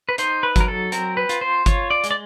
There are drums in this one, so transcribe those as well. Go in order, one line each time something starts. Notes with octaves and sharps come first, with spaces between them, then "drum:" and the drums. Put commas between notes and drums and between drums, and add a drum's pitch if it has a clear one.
B4
D#4 C5, drum: hi-hat
B4
F#3 A#4, drum: kick G1, hi-hat
A4
C4 A#4, drum: hi-hat
B4
F4, drum: hi-hat
C5
F4 C#5, drum: kick G1, hi-hat
D5
G#3, drum: hi-hat
D5